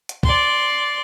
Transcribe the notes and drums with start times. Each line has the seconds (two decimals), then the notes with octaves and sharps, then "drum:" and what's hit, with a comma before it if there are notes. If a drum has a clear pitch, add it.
0.09 drum: hi-hat
0.23 D5 C6, drum: kick